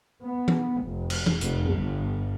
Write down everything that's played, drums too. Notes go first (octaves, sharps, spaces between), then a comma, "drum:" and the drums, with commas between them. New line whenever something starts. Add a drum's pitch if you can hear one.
B3
drum: tom E3
F1
drum: cymbal
drum: tom E3
F1, drum: hi-hat
G1